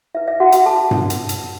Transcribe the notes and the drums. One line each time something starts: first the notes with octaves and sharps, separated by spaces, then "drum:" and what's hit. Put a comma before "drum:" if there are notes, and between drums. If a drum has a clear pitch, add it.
E4 B4 E5
E5
F#4 F#5
F#4 F#5, drum: hi-hat
A4 A5
drum: tom G2
drum: hi-hat
drum: hi-hat